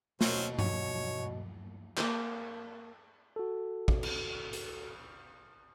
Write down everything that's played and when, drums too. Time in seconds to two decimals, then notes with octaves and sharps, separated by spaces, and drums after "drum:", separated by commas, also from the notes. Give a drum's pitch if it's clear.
0.21 B2 F#3 C4 C#4, drum: snare
0.59 C#5, drum: tom G2
1.97 A#3 C5, drum: clap
3.36 F#4 A4
3.88 drum: kick
4.03 drum: cymbal
4.53 drum: hi-hat